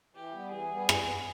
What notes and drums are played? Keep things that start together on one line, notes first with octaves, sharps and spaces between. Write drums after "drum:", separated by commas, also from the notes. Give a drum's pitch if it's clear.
E3 G4
G3 B3
E3 G#4
G3 B3
drum: rim click